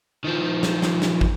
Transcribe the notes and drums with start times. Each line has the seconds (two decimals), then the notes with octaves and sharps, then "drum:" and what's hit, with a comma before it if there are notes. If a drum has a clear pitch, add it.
0.24 D#3 F3
0.63 drum: snare
0.82 drum: snare
1.02 drum: snare
1.21 drum: kick